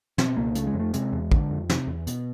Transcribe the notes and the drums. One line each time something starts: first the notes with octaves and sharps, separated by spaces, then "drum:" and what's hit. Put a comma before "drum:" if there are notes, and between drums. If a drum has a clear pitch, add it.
B2 C4, drum: snare
C#2 A#3
C#3 A3, drum: hi-hat
G#3
F2
A3
C3 G#3, drum: hi-hat
E2
D3, drum: kick
F2
C3, drum: snare
E2
B2, drum: hi-hat